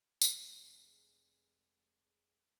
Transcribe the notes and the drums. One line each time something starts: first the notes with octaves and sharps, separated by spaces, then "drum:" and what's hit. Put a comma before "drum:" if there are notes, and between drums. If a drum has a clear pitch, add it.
F1 G#3, drum: tambourine